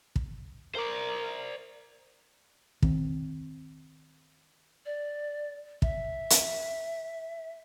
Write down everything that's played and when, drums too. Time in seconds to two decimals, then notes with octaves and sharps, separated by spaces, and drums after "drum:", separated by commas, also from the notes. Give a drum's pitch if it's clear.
0.16 drum: kick
0.75 A#4 C5 D5
2.82 D#3 C4, drum: kick
4.86 D5
5.82 E5, drum: kick
6.30 drum: hi-hat